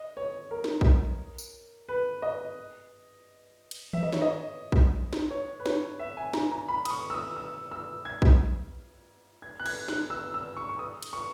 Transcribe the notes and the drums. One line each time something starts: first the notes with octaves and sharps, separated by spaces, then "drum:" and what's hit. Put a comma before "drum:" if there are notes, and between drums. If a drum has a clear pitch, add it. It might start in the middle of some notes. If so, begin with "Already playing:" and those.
Already playing: D#5
C#5
A#4
drum: snare
drum: kick A#1
drum: tambourine
B4
D#5
drum: cymbal
E5, drum: tom D#3
D#5
C#5, drum: snare
D#5
drum: kick A#1
drum: snare
C#5
B4
C#5, drum: snare
E5
G#5
A#5, drum: snare
A#5
B5
D#6, drum: cymbal
C#6
E6
D#6
E6
E6
G#6
drum: kick A#1
G#6
F#6
G#6, drum: cymbal
F#6, drum: snare
E6
E6
C#6
C#6
D#6
drum: cymbal
C#6